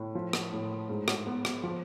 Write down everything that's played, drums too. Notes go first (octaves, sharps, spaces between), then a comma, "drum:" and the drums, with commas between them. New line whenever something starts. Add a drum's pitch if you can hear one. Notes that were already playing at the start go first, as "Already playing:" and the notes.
Already playing: A2
F3
drum: rim click
A2
G#2
drum: rim click
B3
drum: rim click
F3